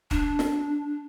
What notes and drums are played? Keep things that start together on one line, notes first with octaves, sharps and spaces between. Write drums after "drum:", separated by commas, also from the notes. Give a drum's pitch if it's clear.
D4, drum: kick
drum: snare